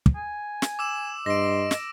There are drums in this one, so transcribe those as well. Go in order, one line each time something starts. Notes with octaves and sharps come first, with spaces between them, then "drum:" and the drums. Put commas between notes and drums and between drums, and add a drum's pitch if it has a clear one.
drum: kick
G#5
drum: snare
D6 E6 E7
G2 D#5 C6 A#6 D7
drum: snare